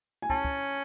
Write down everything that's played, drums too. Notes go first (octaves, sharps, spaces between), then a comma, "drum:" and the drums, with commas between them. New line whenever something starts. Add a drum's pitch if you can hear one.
G#5
C#4 A5, drum: kick
drum: kick